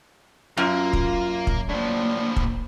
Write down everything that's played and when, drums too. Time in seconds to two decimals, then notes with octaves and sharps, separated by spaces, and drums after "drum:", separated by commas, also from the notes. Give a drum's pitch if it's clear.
0.57 F#2 A#3 F4
0.93 drum: kick
1.47 drum: kick
1.69 A2 F3 A#3 D4
2.36 drum: kick